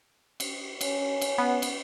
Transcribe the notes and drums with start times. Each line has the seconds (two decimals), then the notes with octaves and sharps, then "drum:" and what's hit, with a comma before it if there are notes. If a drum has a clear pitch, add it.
0.40 drum: cymbal
0.81 C#4, drum: cymbal
1.21 drum: cymbal
1.38 B3
1.62 drum: cymbal